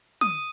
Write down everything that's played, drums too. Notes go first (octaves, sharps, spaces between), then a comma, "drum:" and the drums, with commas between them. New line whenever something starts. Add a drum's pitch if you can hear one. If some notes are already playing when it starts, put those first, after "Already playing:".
D#6, drum: tom